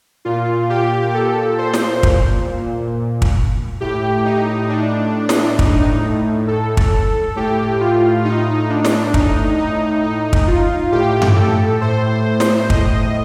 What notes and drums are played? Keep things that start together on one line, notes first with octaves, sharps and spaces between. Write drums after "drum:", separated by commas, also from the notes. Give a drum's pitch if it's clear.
A#2 F4
G4
A4
C5
drum: snare
drum: kick
drum: kick
A2 G4
D#4
D4
drum: snare
D#4, drum: kick
A4
drum: kick
A2 G4
F4
D#4
D4
drum: snare
D#4, drum: kick
D#4
D#4
drum: kick
F4
A2 G4
drum: tom G2
A4
C5
drum: snare
D#5, drum: kick